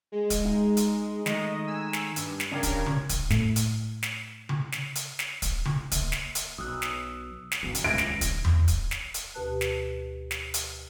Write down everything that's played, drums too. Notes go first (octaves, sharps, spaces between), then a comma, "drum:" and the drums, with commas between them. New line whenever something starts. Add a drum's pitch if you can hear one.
G#3
drum: kick, hi-hat
D#4
drum: hi-hat
D#3 G#3 A3 D#5, drum: snare
G#5 E6
drum: snare
G2, drum: hi-hat
drum: snare
C#3 C#4 D4 G4 A#4
drum: kick, hi-hat
drum: tom C#3
drum: kick, hi-hat
A2, drum: snare
drum: hi-hat
drum: snare
drum: tom C#3
drum: snare
drum: hi-hat
drum: snare
drum: kick, hi-hat
drum: tom C#3
A#3, drum: kick, hi-hat
drum: snare
drum: hi-hat
B1 D#6 E6 F#6
drum: snare
drum: snare
F#1 B1
drum: hi-hat
D#1 C#2 G#6 A#6 D7
drum: snare
drum: kick, hi-hat
drum: tom E2
drum: kick, hi-hat
drum: snare
drum: hi-hat
D2 B2 G4 B4 A5 F#6
drum: snare
drum: snare
drum: hi-hat